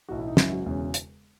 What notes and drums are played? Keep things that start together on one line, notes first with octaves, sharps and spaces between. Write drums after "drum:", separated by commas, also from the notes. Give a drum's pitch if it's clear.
B1 A2 E3 F#4
E4
D#4
G#1 F#2 C#3 F#3 E4, drum: snare
F#4
E1 E2 C#3 G#3 C#4
drum: hi-hat